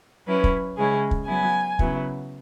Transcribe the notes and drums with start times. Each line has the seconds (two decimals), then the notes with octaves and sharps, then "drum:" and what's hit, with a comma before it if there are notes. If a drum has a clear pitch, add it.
0.26 F#3 C#4 E4 B4
0.44 drum: kick
0.77 C#3 G#3 C#4 E4 G#4
1.11 drum: kick
1.28 F#3 B3 E4 G#5
1.79 C#3 F#3 B3 E4, drum: kick